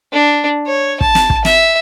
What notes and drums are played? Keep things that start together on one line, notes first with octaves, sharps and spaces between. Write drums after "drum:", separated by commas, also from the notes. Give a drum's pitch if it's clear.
D4
C#5
A5, drum: kick
drum: snare
drum: kick
E5, drum: snare